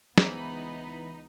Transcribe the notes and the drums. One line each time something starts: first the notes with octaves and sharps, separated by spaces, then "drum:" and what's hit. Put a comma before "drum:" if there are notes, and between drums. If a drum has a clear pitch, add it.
C#2 E3 B3 D#4 G#4 C5 B5, drum: snare